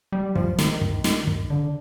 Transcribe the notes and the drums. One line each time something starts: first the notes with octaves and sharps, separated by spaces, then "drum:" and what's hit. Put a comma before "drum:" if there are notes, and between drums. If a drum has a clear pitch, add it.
G3
F3, drum: kick
D#3, drum: snare
drum: kick
drum: snare
drum: kick
D3